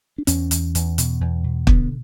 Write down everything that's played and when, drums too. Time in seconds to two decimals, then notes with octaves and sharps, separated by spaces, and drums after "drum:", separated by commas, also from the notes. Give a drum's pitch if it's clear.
0.18 D4
0.27 E2 C#4, drum: hi-hat
0.51 E2, drum: hi-hat
0.75 E2, drum: hi-hat
0.98 B2, drum: hi-hat
1.21 E2
1.44 B2
1.67 D3 B3, drum: kick